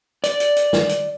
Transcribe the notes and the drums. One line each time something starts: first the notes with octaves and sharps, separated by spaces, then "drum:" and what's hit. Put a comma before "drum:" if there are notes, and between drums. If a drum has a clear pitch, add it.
D5, drum: hi-hat
drum: hi-hat
drum: hi-hat
drum: snare
drum: hi-hat